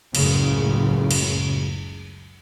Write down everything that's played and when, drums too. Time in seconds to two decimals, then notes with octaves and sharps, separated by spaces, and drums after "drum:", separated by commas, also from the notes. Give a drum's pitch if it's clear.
0.15 F#1 C#2 F#2 A2 C#3, drum: cymbal
1.11 drum: cymbal